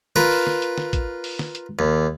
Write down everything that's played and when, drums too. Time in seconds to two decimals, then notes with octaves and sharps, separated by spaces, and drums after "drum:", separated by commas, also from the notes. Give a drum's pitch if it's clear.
0.16 F4 A#4 B4
0.31 drum: open hi-hat
0.47 drum: snare
0.62 drum: hi-hat
0.78 drum: snare
0.93 drum: kick, hi-hat
1.24 drum: open hi-hat
1.39 drum: snare
1.55 drum: hi-hat
1.79 D#2